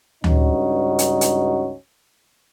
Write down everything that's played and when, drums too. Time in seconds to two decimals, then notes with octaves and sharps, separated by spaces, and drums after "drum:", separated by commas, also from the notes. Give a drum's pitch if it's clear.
0.24 C#2 G2 C#4 D#4 F#4, drum: tom D2
0.99 drum: hi-hat
1.21 drum: hi-hat